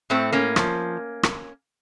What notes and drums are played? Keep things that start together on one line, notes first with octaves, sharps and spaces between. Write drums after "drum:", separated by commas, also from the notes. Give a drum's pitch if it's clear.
A2 A3 C4
A#3 C#4
F3, drum: rim click
drum: rim click